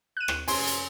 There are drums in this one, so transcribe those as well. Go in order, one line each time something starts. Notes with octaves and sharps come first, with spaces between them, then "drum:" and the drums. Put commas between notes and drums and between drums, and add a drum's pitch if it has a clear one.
F#6 D#7
drum: rim click
F1 C#4 G#5 C6 D7, drum: open hi-hat
drum: hi-hat